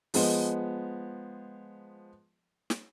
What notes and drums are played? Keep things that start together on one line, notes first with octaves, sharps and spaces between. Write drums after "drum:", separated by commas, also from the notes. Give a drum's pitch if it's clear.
F3 G#3 B3, drum: open hi-hat
drum: snare